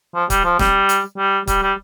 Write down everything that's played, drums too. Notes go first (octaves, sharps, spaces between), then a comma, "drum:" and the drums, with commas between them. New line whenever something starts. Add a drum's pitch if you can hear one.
F3
G3, drum: kick, hi-hat
F3
G3, drum: snare
drum: hi-hat
G3
G3, drum: kick, hi-hat
G3